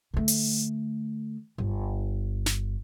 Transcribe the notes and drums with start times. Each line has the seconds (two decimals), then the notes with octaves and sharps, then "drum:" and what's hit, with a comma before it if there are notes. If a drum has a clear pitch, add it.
0.14 D3 A3
0.28 drum: open hi-hat
1.58 G1
2.46 drum: snare